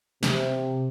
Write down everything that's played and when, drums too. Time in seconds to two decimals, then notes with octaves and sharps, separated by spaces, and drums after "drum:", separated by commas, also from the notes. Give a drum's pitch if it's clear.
0.23 C3, drum: snare